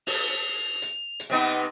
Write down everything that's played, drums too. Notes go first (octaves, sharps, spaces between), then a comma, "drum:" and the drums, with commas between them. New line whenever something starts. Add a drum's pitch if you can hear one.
F7, drum: open hi-hat
drum: hi-hat
drum: hi-hat
C3 B3 D#4